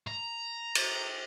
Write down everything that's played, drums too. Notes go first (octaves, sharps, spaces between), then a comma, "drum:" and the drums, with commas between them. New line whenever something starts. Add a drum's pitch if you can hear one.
A#5
drum: cymbal